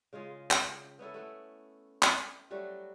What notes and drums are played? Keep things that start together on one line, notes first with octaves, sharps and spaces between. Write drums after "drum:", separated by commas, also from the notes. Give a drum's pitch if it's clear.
C#3 G#3 F4 G#4
drum: clap
B3 C#4 E4 A4
A3 B3 E4
drum: clap
F#3 G3 A3 F#4